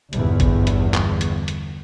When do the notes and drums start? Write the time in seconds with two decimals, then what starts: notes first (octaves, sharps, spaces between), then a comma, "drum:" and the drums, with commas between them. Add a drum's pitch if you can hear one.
0.13 G1 E2, drum: hi-hat
0.40 drum: kick G#1, hi-hat
0.67 drum: hi-hat
0.94 drum: clap
1.21 drum: hi-hat
1.48 drum: hi-hat